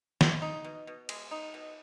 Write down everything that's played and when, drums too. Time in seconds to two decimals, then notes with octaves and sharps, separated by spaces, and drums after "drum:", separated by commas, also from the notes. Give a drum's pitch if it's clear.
0.21 G#3, drum: snare
0.42 D#4
0.64 B2
0.87 B2
1.09 G#3, drum: cymbal
1.31 D#4
1.54 B2